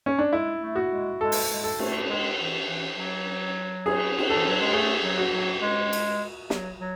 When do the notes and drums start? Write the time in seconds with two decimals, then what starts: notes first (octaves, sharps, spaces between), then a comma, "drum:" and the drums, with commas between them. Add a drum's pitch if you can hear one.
0.06 C#4
0.19 D4
0.32 G#3 E4
0.61 A3
0.76 F#4
0.91 G#3
1.20 G#3 A4
1.32 drum: open hi-hat
1.50 G#3
1.64 A4
1.79 A3, drum: cymbal
2.09 G#3
2.38 E3
2.67 E3
2.97 F#3
3.86 G#4, drum: cymbal
4.18 drum: cymbal
4.30 E3 A4
4.47 F#3
4.61 G#3
4.73 A3 G#4
5.03 F#3
5.18 F#4
5.32 F#3
5.62 G#3
5.93 drum: cymbal
6.50 F#3, drum: snare
6.80 F#3